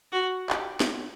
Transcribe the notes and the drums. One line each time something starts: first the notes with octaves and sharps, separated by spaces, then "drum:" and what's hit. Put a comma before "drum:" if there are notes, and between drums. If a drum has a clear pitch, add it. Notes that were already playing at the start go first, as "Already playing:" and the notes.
F#4
G4, drum: clap
drum: snare